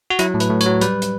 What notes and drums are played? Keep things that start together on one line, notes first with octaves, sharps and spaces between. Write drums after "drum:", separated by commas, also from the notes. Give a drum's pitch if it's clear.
F#4
F#3 E4, drum: hi-hat
A2
B4, drum: hi-hat
A2
C#5, drum: hi-hat
F#3
G3 B4, drum: hi-hat
drum: hi-hat